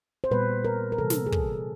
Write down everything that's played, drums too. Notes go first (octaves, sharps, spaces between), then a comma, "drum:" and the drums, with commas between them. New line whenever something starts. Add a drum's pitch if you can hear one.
C5
A#2 G3 B3 B4
A#4
A#4
C3 E3 G3 A4
drum: snare
G#4
A4, drum: kick